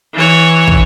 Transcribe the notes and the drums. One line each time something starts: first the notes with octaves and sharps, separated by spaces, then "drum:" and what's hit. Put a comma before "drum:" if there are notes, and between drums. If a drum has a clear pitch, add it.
E3 C#5
drum: kick